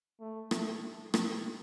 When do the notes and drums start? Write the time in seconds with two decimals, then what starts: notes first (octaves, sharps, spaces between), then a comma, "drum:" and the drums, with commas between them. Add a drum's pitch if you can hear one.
0.20 A3
0.51 A3, drum: rim click
1.14 drum: rim click